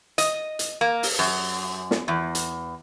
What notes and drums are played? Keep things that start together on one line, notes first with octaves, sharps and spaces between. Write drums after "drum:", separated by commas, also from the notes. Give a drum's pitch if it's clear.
D#5, drum: hi-hat
drum: hi-hat
A#3
drum: open hi-hat
F#2
drum: snare
E2
drum: hi-hat